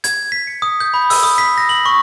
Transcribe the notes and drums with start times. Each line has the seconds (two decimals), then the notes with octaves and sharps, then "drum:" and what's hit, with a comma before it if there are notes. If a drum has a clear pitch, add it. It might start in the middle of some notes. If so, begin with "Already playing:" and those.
0.04 G#6, drum: hi-hat
0.32 B6
0.47 C#7
0.62 D#6
0.80 G6
0.94 B5
1.10 E6, drum: open hi-hat
1.23 D#6
1.38 B6
1.58 A#6
1.69 F#7
1.86 C#6